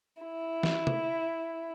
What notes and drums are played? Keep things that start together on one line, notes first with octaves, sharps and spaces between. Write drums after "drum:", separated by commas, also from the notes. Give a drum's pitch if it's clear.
E4
drum: snare
drum: tom